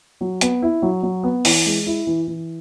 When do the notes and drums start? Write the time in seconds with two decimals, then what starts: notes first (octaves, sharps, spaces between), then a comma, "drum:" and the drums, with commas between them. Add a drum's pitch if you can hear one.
0.21 F#3
0.41 B3, drum: hi-hat
0.62 E4
0.82 F#3
1.03 F#3
1.23 B3
1.45 E3, drum: open hi-hat
1.66 G#3
1.86 E4
2.07 E3
2.27 E3